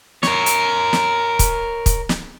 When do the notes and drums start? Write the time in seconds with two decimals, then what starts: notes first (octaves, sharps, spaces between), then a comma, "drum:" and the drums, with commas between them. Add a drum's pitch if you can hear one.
0.23 A#4 C#5, drum: snare
0.46 drum: hi-hat
0.93 drum: snare
1.39 drum: kick, hi-hat
1.86 drum: kick, hi-hat
2.09 drum: snare